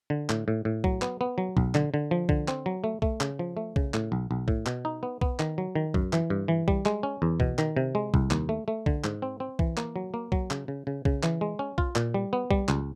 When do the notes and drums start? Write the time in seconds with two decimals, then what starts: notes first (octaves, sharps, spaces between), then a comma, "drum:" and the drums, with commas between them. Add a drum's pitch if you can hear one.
0.10 D3
0.29 A2, drum: clap
0.48 A2
0.65 A2
0.84 F#3, drum: kick
1.02 B3, drum: clap
1.21 B3
1.38 F#3
1.57 B1, drum: kick
1.75 D3, drum: clap
1.94 D3
2.11 F3
2.29 D3, drum: kick
2.48 C4, drum: clap
2.66 F#3
2.84 A3
3.02 A3, drum: kick
3.21 C#3, drum: clap
3.39 F3
3.57 A3
3.76 C#3, drum: kick
3.94 A2, drum: clap
4.12 B1
4.31 B1
4.48 A2, drum: kick
4.66 B2, drum: clap
4.85 D#4
5.03 B3
5.21 B3, drum: kick
5.39 D#3, drum: clap
5.58 F#3
5.76 D#3
5.94 F#2, drum: kick
6.13 E3, drum: clap
6.30 G2
6.48 E3
6.68 G3, drum: kick
6.86 G#3, drum: clap
7.03 C#4
7.22 E2
7.40 B2, drum: kick
7.59 D#3, drum: clap
7.76 C3
7.95 G#3
8.14 C2, drum: kick
8.31 D#2, drum: clap
8.49 A3
8.68 A3
8.86 D3, drum: kick
9.04 G#2, drum: clap
9.22 C4
9.40 C4
9.59 E3, drum: kick
9.77 A#3, drum: clap
9.96 F#3
10.14 A#3
10.32 F#3, drum: kick
10.51 C#3, drum: clap
10.68 C#3
10.87 C#3
11.05 C#3, drum: kick
11.23 E3, drum: clap
11.41 G#3
11.59 C#4
11.78 F4, drum: kick
11.96 A#2, drum: clap
12.14 G3
12.33 B3
12.51 G3, drum: kick
12.68 C#2, drum: clap